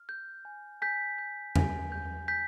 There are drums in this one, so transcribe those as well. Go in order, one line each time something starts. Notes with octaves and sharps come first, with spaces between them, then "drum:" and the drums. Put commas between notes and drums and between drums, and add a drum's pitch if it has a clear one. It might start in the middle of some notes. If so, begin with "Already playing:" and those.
Already playing: F6
G6
G#5
G#5 G6 B6
G6
G#5, drum: tom E2
G6
G#5 G6 B6